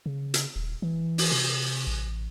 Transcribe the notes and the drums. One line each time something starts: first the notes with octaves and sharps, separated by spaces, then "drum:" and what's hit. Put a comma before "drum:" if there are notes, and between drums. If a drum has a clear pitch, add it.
C#3
drum: hi-hat
D#1
E3
drum: open hi-hat
C3
A1